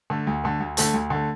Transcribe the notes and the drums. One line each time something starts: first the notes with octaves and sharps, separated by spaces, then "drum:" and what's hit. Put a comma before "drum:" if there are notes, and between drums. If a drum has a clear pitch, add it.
D3 A3
D2
D3 A3
D2
D3 A3, drum: hi-hat
D2
D3 A3